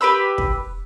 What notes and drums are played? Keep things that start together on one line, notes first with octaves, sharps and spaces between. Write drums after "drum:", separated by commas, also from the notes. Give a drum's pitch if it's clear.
G4 B4 B5 E6
drum: kick